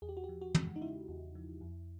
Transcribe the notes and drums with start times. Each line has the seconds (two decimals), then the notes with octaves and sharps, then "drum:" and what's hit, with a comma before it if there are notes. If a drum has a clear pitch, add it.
0.02 E2 G#4
0.09 G4
0.17 F#4
0.24 G4
0.29 F3
0.42 F#4
0.55 G#3, drum: tom
0.76 D#4
0.81 C#3 E4
1.08 E2
1.35 F3
1.61 F2